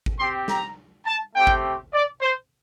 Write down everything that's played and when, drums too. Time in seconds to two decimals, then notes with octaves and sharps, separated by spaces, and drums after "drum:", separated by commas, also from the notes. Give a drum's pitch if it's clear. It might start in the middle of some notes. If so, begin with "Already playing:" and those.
0.06 drum: kick G#1
0.19 C4 G4 C6
0.48 A#5, drum: snare
1.06 A5
1.35 A3 C4 G4 G5
1.47 drum: kick G#1
1.93 D5
2.21 C5